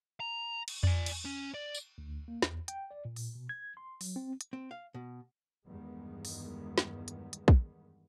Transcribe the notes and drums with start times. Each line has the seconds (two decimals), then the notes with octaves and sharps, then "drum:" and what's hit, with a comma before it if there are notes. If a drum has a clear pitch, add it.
0.20 A#5
0.68 drum: cymbal
0.83 D5 G#5, drum: tom F2
1.06 drum: cymbal
1.25 C#4
1.54 D5
1.75 drum: tambourine
1.98 D2
2.28 A#3
2.42 E2, drum: snare
2.68 G5, drum: hi-hat
2.91 D5
3.05 A#2
3.16 drum: open hi-hat
3.35 B2
3.49 G#6
3.77 C6
4.01 F#3, drum: open hi-hat
4.16 C4
4.41 drum: hi-hat
4.53 C4
4.71 F5
4.94 B2
5.68 E2 G2 D#3 G#3 B3
6.25 drum: open hi-hat
6.78 drum: snare
7.08 drum: hi-hat
7.33 drum: hi-hat
7.48 drum: kick